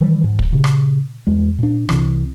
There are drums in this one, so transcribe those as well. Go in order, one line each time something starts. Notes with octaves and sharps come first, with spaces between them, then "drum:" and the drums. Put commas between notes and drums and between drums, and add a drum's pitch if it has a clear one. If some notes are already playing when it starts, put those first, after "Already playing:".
D#3 E3 G3
G#2
drum: kick
A#2 C#3
drum: rim click
E2 G#3
A#2 D4
C2 C3 E3, drum: rim click